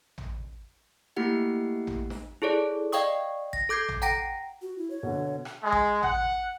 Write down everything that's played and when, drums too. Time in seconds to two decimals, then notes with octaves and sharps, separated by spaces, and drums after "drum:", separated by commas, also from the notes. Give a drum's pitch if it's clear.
0.18 drum: tom
1.16 A3 A#3 E4 G4 F#5
1.87 drum: tom
2.10 drum: snare
2.42 E4 G#4 A4 C#5 D5
2.92 D5 D#5 F5 G5 C#6 D#6, drum: hi-hat
3.53 A#6, drum: kick A1
3.69 A4 D6 G6 G#6 C7
3.89 drum: tom
4.02 F#5 G5 A#5 A#6 D7, drum: hi-hat
4.62 F#4
4.78 E4
4.90 C#5
5.03 B2 D3
5.45 drum: rim click
5.63 G#3
5.72 drum: kick A1
6.03 F#5, drum: tom